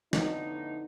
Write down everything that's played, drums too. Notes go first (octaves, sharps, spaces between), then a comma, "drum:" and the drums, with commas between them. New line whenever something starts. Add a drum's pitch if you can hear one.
F2 A2 D3 B3 D#4, drum: snare